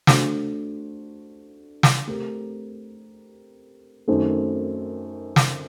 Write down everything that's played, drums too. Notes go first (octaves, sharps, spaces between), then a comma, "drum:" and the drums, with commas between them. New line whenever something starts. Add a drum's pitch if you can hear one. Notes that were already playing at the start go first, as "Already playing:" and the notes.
A3 D4 F#4 C5, drum: snare
drum: snare
A3 C4 G4 A#4
F#2 D#3 A3 C4
drum: snare